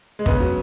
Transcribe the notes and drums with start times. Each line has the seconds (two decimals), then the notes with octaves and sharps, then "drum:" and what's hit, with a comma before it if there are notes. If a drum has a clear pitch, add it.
0.19 G#3
0.26 C#3 B3, drum: kick
0.40 F#3